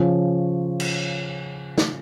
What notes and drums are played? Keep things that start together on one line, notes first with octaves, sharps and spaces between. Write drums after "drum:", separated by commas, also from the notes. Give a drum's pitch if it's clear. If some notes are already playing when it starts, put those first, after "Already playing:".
Already playing: C#3 F3 C#4
drum: cymbal
drum: snare